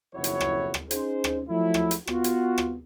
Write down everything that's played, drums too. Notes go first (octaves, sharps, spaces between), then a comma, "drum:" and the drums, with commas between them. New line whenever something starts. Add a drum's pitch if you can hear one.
F#1 B1 F2 E4 F#4 C#5
drum: hi-hat
drum: rim click
drum: rim click
C#4 D#4 G#4 C5, drum: hi-hat
drum: rim click
F3 F#3 A3 E4
drum: rim click
drum: hi-hat
B3 F4 F#4, drum: rim click
drum: hi-hat
drum: rim click